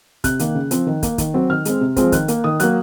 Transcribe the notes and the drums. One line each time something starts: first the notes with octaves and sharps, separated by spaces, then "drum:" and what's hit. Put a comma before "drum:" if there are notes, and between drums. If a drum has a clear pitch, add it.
C3 F#6, drum: kick, hi-hat
D#3 A#3, drum: hi-hat
C#3
F3 C4, drum: hi-hat
D#3
A#3, drum: kick, hi-hat
D#3, drum: kick, hi-hat
F#3 C4
D#3 F6
G#3 C4, drum: hi-hat
C3
F3 G#3 C4, drum: kick, hi-hat
D#3 F#6, drum: kick, hi-hat
A#3, drum: hi-hat
D#3 D#6
F#3 A#3 F#6, drum: hi-hat